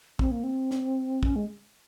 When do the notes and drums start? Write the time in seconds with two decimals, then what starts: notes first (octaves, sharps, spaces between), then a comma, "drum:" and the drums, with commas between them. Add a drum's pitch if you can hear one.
0.19 C4, drum: kick
0.31 A#3
0.44 C4
0.71 drum: snare
1.23 C#4, drum: kick
1.36 G#3